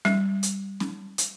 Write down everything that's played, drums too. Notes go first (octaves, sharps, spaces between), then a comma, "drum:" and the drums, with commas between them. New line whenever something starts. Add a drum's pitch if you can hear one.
G3, drum: snare C#4
drum: hi-hat
drum: snare C#4
drum: hi-hat